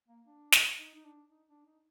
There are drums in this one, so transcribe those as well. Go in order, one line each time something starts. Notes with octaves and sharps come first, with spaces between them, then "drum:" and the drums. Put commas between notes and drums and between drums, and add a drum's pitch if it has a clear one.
A#3
D4
drum: snare
D#4
D#4
D4
D#4
D4
D#4